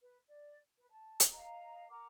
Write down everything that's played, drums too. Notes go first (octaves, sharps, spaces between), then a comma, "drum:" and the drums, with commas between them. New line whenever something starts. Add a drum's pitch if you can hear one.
B4
D5
B4
A5
drum: hi-hat
D#5 F5 A#5
A#4 F#5 A#5 D6